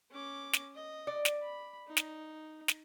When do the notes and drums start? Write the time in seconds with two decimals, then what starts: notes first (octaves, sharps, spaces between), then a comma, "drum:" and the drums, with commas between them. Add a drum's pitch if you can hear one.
0.11 C#4 D6
0.53 drum: snare
0.75 D#5
1.07 D5
1.25 drum: snare
1.42 B5
1.88 D#4
1.97 drum: snare
2.68 drum: snare